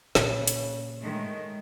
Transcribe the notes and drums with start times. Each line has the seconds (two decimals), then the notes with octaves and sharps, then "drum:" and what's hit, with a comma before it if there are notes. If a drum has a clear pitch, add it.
0.15 A#2 C#3, drum: snare
0.47 drum: hi-hat
1.00 D#3 G#3 A3